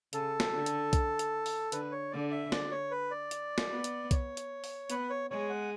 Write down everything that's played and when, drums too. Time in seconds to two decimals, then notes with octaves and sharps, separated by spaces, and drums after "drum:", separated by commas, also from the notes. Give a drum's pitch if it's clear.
0.13 C#3 A4, drum: hi-hat
0.40 drum: snare
0.53 D3
0.66 drum: hi-hat
0.93 drum: kick B1, hi-hat
1.19 drum: hi-hat
1.46 drum: open hi-hat
1.72 D3 B4, drum: hi-hat
1.92 C#5
2.11 D3 D5
2.32 E5
2.52 D5, drum: snare
2.71 C#5
2.91 B4
3.11 D5
3.31 drum: hi-hat
3.58 drum: snare
3.71 B3
3.84 drum: hi-hat
4.11 C#5, drum: kick B1, hi-hat
4.37 drum: hi-hat
4.64 drum: open hi-hat
4.90 B3 B4, drum: hi-hat
5.10 C#5
5.30 G#3 C#5
5.50 F#5